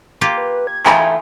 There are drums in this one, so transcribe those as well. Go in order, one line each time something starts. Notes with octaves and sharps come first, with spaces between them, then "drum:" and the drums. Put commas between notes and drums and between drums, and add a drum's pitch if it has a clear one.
A#3 F4 G4
B4
G#6
E3 A3 D#4 F4 G5 G#5, drum: clap